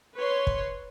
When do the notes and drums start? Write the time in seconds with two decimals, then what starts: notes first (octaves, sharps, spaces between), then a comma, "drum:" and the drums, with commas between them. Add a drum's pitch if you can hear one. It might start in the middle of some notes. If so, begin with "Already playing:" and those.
0.16 B4 C#5 C6
0.47 drum: kick